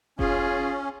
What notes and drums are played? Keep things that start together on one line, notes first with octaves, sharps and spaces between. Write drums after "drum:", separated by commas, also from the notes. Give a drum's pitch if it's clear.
C#4 F4 G#4, drum: kick F1